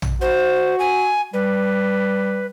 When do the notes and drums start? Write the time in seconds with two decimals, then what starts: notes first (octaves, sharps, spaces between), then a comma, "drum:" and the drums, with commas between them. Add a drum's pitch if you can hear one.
0.02 drum: tom A#1
0.21 F#4 C5
0.79 G#5
1.34 G3 B4